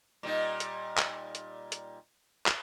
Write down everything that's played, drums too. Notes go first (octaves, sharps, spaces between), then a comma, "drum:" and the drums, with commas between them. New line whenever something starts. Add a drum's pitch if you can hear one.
A#2 G3 D#4
drum: hi-hat
drum: clap
drum: hi-hat
drum: hi-hat
drum: clap